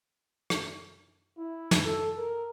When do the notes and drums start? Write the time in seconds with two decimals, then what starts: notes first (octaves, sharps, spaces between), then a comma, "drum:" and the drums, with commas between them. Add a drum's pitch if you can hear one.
0.50 drum: rim click
1.38 E4
1.71 drum: snare
1.84 A4
2.17 A#4